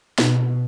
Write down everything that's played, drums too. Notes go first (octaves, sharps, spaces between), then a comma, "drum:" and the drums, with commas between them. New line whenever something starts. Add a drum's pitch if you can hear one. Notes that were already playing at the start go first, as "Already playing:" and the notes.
B2, drum: snare